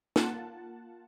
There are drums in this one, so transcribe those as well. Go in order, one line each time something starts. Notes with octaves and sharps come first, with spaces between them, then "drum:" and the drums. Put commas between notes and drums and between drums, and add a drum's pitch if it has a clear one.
A#3 F4 F#5 A5, drum: snare